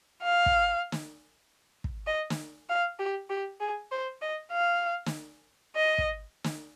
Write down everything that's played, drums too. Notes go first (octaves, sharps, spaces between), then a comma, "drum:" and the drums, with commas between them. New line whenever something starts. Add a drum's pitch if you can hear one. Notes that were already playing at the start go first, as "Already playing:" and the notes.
F5
drum: kick
drum: snare
drum: kick
D#5
drum: snare
F5
G4
G4
G#4
C5
D#5
F5
drum: snare
D#5
drum: kick
drum: snare